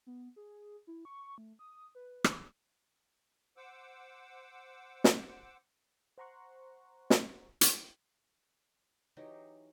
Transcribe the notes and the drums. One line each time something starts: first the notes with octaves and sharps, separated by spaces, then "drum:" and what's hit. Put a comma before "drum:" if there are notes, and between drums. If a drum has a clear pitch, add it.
B3
G#4
E4
C#6
A3
D#6
B4
drum: rim click
C5 F#5 D6 E6
drum: snare
C5 F#5 A#5 C6 C#6 F#6
drum: snare
drum: hi-hat
E3 F#3 D#4 G4